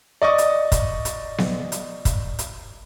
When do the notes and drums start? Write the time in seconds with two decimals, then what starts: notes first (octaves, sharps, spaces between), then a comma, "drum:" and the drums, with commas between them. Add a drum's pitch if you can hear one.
0.22 D5 D#5 C#6 D#6
0.38 drum: hi-hat
0.72 drum: kick, hi-hat
1.05 drum: hi-hat
1.38 drum: snare B3
1.72 drum: hi-hat
2.05 drum: kick, hi-hat
2.39 drum: hi-hat